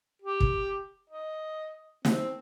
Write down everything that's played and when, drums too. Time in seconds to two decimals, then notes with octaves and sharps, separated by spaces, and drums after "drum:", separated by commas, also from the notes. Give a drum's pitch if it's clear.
0.22 G4
0.40 drum: kick
1.10 D#5
2.05 C4, drum: snare